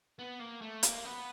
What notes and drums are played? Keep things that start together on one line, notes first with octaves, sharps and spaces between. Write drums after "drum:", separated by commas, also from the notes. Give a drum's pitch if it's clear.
B3
A#3
A3
A#3, drum: hi-hat
B3